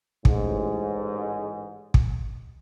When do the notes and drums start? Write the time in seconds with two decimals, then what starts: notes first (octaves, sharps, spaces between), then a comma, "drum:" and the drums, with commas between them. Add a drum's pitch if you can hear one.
0.25 A1 G#2, drum: kick
1.94 drum: kick